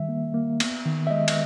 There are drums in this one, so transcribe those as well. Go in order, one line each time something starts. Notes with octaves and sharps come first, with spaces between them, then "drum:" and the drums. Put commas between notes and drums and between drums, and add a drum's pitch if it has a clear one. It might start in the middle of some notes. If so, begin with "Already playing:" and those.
Already playing: D#3 G3 E5
A#3
A#3
B3, drum: cymbal
D#3
E5
G#3 D#5
drum: cymbal